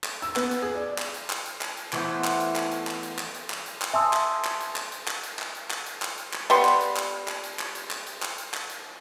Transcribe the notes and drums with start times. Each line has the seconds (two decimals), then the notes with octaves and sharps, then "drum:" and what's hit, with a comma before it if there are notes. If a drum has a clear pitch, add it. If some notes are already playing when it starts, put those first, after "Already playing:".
0.04 drum: clap
0.22 E6, drum: hi-hat
0.36 B3, drum: clap
0.51 drum: hi-hat
0.62 G#4
0.75 D5
0.98 drum: clap
1.14 drum: hi-hat
1.30 drum: clap
1.46 drum: hi-hat
1.61 drum: clap
1.77 drum: hi-hat
1.93 E3 A3 B3 C5, drum: clap
2.24 drum: clap
2.40 drum: hi-hat
2.56 drum: clap
2.72 drum: hi-hat
2.87 drum: clap
3.03 drum: hi-hat
3.19 drum: clap
3.35 drum: hi-hat
3.50 drum: clap
3.66 drum: hi-hat
3.82 drum: clap
3.93 E5 G#5 A5 C6 D#6 E6
4.13 drum: clap
4.45 drum: clap
4.60 drum: hi-hat
4.76 drum: clap
4.92 drum: hi-hat
5.08 drum: clap
5.23 drum: hi-hat
5.39 drum: clap
5.55 drum: hi-hat
5.71 drum: clap
5.86 drum: hi-hat
6.02 drum: clap
6.18 drum: hi-hat
6.34 drum: clap
6.50 G3 B3 C6, drum: hi-hat
6.65 drum: clap
6.81 drum: hi-hat
6.97 drum: clap
7.28 drum: clap
7.44 drum: hi-hat
7.59 drum: clap
7.75 drum: hi-hat
7.91 drum: clap
8.07 drum: hi-hat
8.22 drum: clap
8.38 drum: hi-hat
8.54 drum: clap
8.70 drum: hi-hat